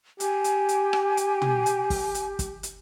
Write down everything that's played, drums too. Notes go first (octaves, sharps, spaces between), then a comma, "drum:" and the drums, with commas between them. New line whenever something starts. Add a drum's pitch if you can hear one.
G4 G#5, drum: hi-hat
drum: hi-hat
drum: hi-hat
drum: rim click
drum: hi-hat
drum: tom
drum: hi-hat
drum: kick, open hi-hat
drum: hi-hat
drum: kick, hi-hat
drum: hi-hat